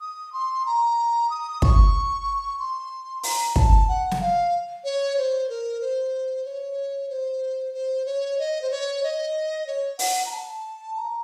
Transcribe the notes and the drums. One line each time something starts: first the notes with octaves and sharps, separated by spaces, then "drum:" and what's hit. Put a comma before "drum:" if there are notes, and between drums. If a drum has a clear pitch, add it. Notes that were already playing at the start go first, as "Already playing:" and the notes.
D#6
C6
A#5
D#6
C#6, drum: kick
C6
A#5, drum: open hi-hat
A5, drum: kick
F#5
drum: snare
F5
C#5
C5
A#4
C5
C#5
C5
C5
C#5
D#5
C5
C#5
D#5
C#5
F#5, drum: open hi-hat
A#5
A5
A#5